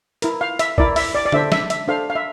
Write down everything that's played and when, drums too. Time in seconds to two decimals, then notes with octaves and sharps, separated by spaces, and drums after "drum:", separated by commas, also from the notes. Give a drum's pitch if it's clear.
0.22 E4 A#4, drum: hi-hat
0.41 F5
0.59 E5, drum: hi-hat
0.78 E4 A#4 D5, drum: kick
0.96 E5, drum: open hi-hat
1.15 D5
1.26 D5
1.32 D4 A4 C5 E5, drum: tom
1.52 E5, drum: snare
1.70 E5, drum: hi-hat
1.88 D4 A4 C5 F5
2.10 F5
2.15 E5